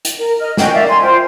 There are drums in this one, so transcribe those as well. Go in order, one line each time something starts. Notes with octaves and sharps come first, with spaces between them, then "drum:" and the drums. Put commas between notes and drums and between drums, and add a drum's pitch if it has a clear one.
drum: hi-hat
A#4
D#5 F6
C#4 F#4 D#5 G5, drum: snare
A#4 D5 E5 F5
G#5 A#5 C6
F4 C5 G5